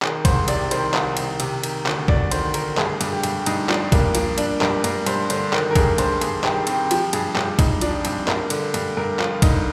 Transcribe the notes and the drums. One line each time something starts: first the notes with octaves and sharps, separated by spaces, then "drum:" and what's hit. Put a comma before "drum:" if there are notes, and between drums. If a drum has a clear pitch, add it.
D#3 G#4, drum: clap
C2 C5, drum: kick A#1, cymbal
C3 D5, drum: cymbal
D#3 C5, drum: cymbal
C2, drum: clap
D#3, drum: cymbal
C3, drum: cymbal
D#3, drum: cymbal
D2, drum: clap
D2 D5, drum: kick A#1
D#3 C5, drum: cymbal
D2 A#4, drum: cymbal
G2 G#4, drum: clap
G2, drum: cymbal
G4
G2, drum: cymbal
G2 D#4, drum: cymbal
F3 D4, drum: clap
G2 A#3, drum: kick A#1, cymbal
F3 A#3, drum: cymbal
G2 D4, drum: cymbal
G2 A#4, drum: clap
G2 A#4, drum: cymbal
G2 C5, drum: cymbal
D3 C5, drum: cymbal
D#3 A#4, drum: clap
A#4
G2 G#4, drum: kick A#1, cymbal
G2 C5, drum: cymbal
G2 G#4, drum: cymbal
D#3 G4, drum: clap
D#3 C4, drum: cymbal
F3 G4, drum: cymbal
G2 G#4, drum: cymbal
G2 G4, drum: clap
G2 D#4, drum: kick A#1, cymbal
F3 D4, drum: cymbal
G2 C4, drum: cymbal
G2 A#4, drum: clap
D3, drum: cymbal
G2, drum: cymbal
G2 A#4
F3 F4, drum: clap
D3 D#4, drum: kick A#1, cymbal